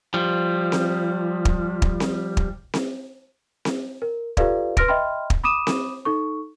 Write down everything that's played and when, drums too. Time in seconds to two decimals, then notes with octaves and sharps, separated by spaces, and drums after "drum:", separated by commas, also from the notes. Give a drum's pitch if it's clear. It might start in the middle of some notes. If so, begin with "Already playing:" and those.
0.14 F3 G3
0.72 drum: snare C4
1.45 drum: kick
1.82 drum: kick
2.00 drum: snare C4
2.37 drum: kick
2.74 drum: snare C4
3.65 drum: snare C4
4.02 A#4
4.37 F4 G4 A4 B4 D5 F5, drum: kick
4.77 B4 C6 F6 A#6 D7, drum: kick
4.88 D#5 E5 G5 B5 C6 F6
5.30 drum: kick
5.44 B5 D6 D#6 D#7 E7
5.67 drum: snare C4
6.05 D#4 A4 C#6